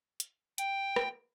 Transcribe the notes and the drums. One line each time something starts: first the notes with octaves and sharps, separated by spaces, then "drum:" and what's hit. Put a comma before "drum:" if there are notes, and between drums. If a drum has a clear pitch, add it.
drum: hi-hat
G5, drum: hi-hat
drum: rim click